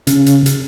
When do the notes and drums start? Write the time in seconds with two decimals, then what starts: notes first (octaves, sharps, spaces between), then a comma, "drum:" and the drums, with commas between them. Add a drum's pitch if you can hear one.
0.07 C#3, drum: hi-hat
0.26 drum: hi-hat
0.46 drum: hi-hat